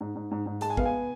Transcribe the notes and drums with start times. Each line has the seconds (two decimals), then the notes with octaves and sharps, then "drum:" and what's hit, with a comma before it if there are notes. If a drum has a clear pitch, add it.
0.01 G#2
0.16 G#2
0.31 G#2
0.46 G#2
0.61 G#3 A5, drum: hi-hat
0.70 G#5
0.77 B3 F5, drum: kick G#1
0.85 G#5